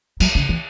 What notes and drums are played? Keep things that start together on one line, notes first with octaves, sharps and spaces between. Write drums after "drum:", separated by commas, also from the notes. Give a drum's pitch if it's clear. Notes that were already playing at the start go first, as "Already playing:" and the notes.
F#3, drum: cymbal
D3
E3